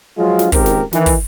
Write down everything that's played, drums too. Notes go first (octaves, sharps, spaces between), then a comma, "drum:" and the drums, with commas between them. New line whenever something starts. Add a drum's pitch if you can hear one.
F3 F#3 G#3 F4
drum: snare
C#2 G#2 D#3 C4 G4 A#4, drum: kick, open hi-hat
drum: snare
D#3 E3 D#4, drum: snare
drum: kick, open hi-hat